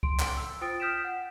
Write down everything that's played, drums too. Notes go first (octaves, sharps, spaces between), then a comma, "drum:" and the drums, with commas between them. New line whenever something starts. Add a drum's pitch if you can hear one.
C6 D7, drum: kick C#2
drum: clap
E6
F4 C5 G5 D#6 A6 D7
D#6 F6 G6 B6 D7 E7
F#5